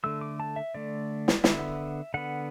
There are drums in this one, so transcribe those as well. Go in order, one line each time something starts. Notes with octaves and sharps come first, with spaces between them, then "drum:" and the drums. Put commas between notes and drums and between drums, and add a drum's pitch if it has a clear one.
D3 A3 E6
D6
A5
E5
D3 A3 D5
drum: snare
D3 B3 E5, drum: snare
D3 B3 F#5